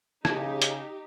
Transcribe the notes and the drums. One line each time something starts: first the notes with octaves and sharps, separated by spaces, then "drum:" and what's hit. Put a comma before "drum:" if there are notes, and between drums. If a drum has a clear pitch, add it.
C#3 D#4 G4, drum: rim click
drum: hi-hat